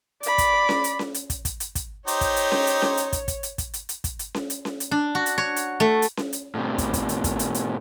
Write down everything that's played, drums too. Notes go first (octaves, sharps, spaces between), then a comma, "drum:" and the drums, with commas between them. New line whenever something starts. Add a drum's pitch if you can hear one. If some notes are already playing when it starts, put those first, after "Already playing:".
D5 B5, drum: hi-hat
drum: kick, hi-hat
drum: snare C#4
drum: hi-hat
drum: snare C#4
drum: hi-hat
drum: kick, hi-hat
drum: kick, hi-hat
drum: hi-hat
drum: kick, hi-hat
D#4 G4 C5 C#5, drum: hi-hat
drum: kick, hi-hat
drum: hi-hat
drum: snare C#4
drum: hi-hat
drum: snare C#4
drum: hi-hat
drum: kick, hi-hat
drum: kick, hi-hat
drum: hi-hat
drum: kick, hi-hat
drum: hi-hat
drum: hi-hat
drum: kick, hi-hat
drum: hi-hat
drum: snare C#4
drum: hi-hat
drum: snare C#4
drum: hi-hat
D4
F#4
drum: hi-hat
C#5
drum: hi-hat
A3
drum: hi-hat
drum: snare C#4
drum: hi-hat
A2 C3
drum: kick, hi-hat
drum: kick, hi-hat
drum: hi-hat
drum: kick, hi-hat
drum: hi-hat
drum: hi-hat